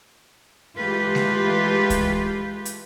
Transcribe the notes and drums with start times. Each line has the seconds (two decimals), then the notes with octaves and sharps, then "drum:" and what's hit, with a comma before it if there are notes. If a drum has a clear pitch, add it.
0.77 E3 G#3 A3 F4 G4 B4
1.15 drum: snare G#3
1.90 drum: kick C#2, hi-hat
2.65 drum: hi-hat